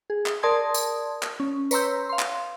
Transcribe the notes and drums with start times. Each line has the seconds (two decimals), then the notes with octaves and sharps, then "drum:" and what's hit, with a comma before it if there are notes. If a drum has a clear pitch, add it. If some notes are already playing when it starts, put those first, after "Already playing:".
0.10 G#4
0.26 drum: clap
0.43 A#4 D5 A5 C6 D#6 G#6
0.74 drum: tambourine
1.23 drum: clap
1.40 C#4
1.71 B4 C#5 A#5 C6 E6 G6, drum: tambourine
2.09 F5 C6
2.19 drum: clap